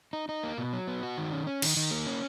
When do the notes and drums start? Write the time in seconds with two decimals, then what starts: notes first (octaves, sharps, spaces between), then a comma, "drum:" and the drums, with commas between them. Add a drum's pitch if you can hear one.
0.13 D#4
0.29 D#4
0.43 A#3
0.58 B2
0.73 F#3
0.88 B3
1.03 F#4
1.18 D#3
1.32 C#4
1.47 C#4
1.62 D#3, drum: cymbal
1.77 D#3
1.91 A#3
2.07 C#4